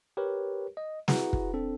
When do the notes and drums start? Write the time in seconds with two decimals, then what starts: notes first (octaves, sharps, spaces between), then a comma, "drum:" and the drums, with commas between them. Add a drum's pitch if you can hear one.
0.17 G4 A#4 B4 C#5
0.77 D#5
1.08 E4 F#4 G#4 B4 F#5 A#5, drum: snare
1.33 drum: kick
1.54 C4 D4 A4